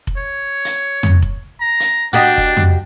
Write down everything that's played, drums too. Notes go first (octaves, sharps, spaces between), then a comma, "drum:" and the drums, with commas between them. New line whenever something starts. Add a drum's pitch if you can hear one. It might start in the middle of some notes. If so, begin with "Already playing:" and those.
drum: kick F1
C#5
drum: hi-hat
drum: tom
drum: kick F1
A#5
drum: hi-hat
D4 F#4 G4 D#5
drum: kick F1
drum: tom